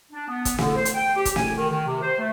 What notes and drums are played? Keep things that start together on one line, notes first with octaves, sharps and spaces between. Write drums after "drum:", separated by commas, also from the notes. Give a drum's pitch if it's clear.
D4
B3
drum: kick, hi-hat
D3, drum: snare
C5
drum: hi-hat
G5
G4
drum: kick, hi-hat
G#5, drum: snare
D#3
D#3
C3
C5
A3